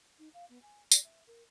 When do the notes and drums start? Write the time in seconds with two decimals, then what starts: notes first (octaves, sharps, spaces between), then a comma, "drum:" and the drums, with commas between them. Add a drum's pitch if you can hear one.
0.19 D#4
0.34 F5
0.49 B3
0.62 G#5
0.92 D5, drum: tambourine
1.04 E5
1.27 A#4